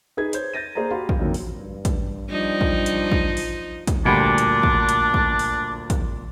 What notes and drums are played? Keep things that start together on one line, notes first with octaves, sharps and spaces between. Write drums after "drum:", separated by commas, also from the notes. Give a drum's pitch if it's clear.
D#4 G#4 B4 G#6
C5 C#5 G6, drum: hi-hat
G6 A6 A#6 D#7
A#3 G#4 C5 D5 A#5
F#4 G4 F5 B5 C6
drum: kick
F2 D3 D#3 F#3 A#3
drum: open hi-hat
G2
drum: kick, hi-hat
F3 G3 D4 D#4
drum: kick
drum: hi-hat
drum: kick
drum: open hi-hat
drum: kick, hi-hat
D2 A#2 G3 D4 B5 D6
drum: hi-hat
drum: kick
drum: hi-hat
drum: kick
drum: open hi-hat
drum: kick, hi-hat